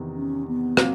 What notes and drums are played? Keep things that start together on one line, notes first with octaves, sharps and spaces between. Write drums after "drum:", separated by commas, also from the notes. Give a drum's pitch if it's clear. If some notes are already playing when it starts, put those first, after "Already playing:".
Already playing: E2 C3 D#3
C#4
B3
F#3 A#3 C4, drum: rim click